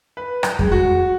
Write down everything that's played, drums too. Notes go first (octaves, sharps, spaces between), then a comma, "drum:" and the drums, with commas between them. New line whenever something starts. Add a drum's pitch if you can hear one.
B4
drum: rim click
G#3, drum: kick F2
F#4